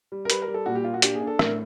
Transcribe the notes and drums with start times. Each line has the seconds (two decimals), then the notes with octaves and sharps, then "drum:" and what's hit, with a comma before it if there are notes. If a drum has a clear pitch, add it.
0.12 G3
0.25 A#4
0.30 G3 B4, drum: hi-hat
0.42 A#4
0.48 G3
0.54 A4
0.66 A#2 F#4
0.75 G4
0.84 A#3 F4
0.94 F#4
1.02 D4 G4, drum: hi-hat
1.15 G#4
1.21 D4
1.27 A4
1.39 A2 A#4, drum: rim click